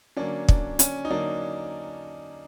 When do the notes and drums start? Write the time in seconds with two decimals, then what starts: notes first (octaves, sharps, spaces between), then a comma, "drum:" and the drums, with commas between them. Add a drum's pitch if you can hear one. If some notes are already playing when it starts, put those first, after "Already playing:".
0.17 D3 F#3 A#3 C#4 D4
0.49 D4, drum: kick
0.79 C#4, drum: hi-hat
1.05 D#4
1.10 D3 F#3 A#3 C#4 D4